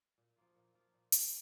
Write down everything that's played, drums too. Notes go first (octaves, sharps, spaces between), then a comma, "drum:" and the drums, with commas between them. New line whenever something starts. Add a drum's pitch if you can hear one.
A#2
F3 A#3 F4
A#2
F3 A#3 F4
A#2
F3 A#3 F4, drum: hi-hat